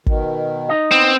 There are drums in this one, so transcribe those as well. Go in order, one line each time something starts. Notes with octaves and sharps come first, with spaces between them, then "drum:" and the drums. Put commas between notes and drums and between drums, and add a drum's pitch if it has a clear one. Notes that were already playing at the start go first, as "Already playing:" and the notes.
B2 D#3, drum: kick
D#4 D#5
B3 C4